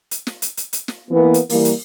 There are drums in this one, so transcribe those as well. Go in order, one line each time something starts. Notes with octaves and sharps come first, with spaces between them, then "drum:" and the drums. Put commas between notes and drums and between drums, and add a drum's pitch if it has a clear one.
drum: hi-hat
drum: snare
drum: hi-hat
drum: hi-hat
drum: hi-hat
drum: snare
E3 A#3 B3
drum: hi-hat
E3 G3 A#3, drum: open hi-hat
drum: hi-hat